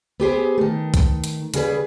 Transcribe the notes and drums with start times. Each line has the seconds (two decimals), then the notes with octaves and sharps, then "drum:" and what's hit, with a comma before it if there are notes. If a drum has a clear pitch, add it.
0.20 B3 G4 G#4 C5
0.58 D#3 A3
0.94 drum: kick, hi-hat
1.24 drum: hi-hat
1.54 C#3 G3 G#4 B4, drum: hi-hat